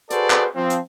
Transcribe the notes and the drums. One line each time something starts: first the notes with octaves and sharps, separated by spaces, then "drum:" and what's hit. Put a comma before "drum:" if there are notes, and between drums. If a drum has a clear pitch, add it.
F#4 G#4 A4 B4 C5 D5, drum: hi-hat
drum: clap
F3 C4
drum: hi-hat